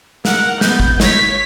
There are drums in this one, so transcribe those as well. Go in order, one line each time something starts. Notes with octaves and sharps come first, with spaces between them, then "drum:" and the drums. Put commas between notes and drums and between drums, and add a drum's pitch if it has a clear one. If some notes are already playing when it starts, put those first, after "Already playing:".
A#4 F#5, drum: snare
B3 G6, drum: snare
drum: kick
C#5 B6, drum: snare